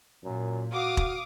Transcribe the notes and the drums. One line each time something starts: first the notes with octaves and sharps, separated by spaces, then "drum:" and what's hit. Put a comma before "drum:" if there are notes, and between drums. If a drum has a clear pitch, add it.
F#2 A#2
F#4 F5 D6 D#6
drum: kick E1